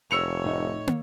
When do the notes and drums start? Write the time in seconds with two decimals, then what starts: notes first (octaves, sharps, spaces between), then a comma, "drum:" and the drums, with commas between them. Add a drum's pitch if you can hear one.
0.11 F1 C#5 E6 C#7 F7
0.45 A2 D#4 E5
0.87 drum: tom